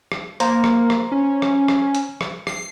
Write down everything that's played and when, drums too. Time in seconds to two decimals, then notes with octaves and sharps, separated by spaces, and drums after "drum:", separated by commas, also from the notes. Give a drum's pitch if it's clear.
0.12 drum: rim click
0.40 A#3 C5 A#5, drum: hi-hat
0.64 drum: rim click
0.90 drum: rim click
1.12 C#4
1.42 drum: rim click
1.68 drum: rim click
1.95 drum: hi-hat
2.21 drum: rim click
2.47 C7, drum: rim click